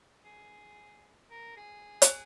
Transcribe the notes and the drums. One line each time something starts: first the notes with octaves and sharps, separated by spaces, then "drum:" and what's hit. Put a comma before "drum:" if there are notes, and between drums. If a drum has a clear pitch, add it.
G#4
A#4
G#4
drum: hi-hat